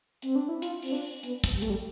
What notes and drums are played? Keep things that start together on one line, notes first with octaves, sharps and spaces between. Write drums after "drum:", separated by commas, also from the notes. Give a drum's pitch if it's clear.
C4, drum: hi-hat
D4
E4
F4, drum: hi-hat
C4, drum: open hi-hat
D4
B3, drum: hi-hat
drum: kick, hi-hat
G3
A3, drum: hi-hat
G3